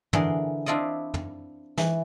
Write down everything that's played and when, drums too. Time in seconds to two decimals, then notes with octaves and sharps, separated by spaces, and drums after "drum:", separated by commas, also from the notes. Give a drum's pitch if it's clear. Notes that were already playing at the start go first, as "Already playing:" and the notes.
0.13 D3 E3 G#4 A#4 C6, drum: tom
0.66 C4 D4 E4 F4 D5 D#5
1.14 drum: tom
1.78 E3, drum: snare